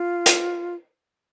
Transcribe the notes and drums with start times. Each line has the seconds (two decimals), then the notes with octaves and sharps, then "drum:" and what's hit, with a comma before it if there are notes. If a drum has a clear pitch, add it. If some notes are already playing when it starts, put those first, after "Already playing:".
Already playing: F4
0.26 drum: hi-hat